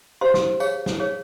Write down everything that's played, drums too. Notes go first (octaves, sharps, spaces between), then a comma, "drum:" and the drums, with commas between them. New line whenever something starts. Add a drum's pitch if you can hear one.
G4 C5 F5 C6
drum: snare
G#4 C#5 F5, drum: tambourine
drum: snare
G#4 C#5 F5